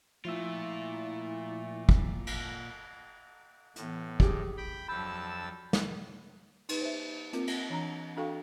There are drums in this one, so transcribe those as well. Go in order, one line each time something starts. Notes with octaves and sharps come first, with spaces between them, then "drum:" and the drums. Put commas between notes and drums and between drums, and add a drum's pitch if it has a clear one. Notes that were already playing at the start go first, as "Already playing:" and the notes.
A#2 F3 A3 E4 F4 E6
drum: kick
drum: cymbal
A2 E3 B3, drum: hi-hat
D2 G4 G#4, drum: kick
G5 B5
F2 F#3 D4 A5 B5 E6 G6
drum: snare
D#4 B4, drum: cymbal
C5 E5
A#3 C4 F4 A#4, drum: hi-hat
drum: cymbal
E3 D4 A#5
D4 F#4 A4 F5 G5 C#6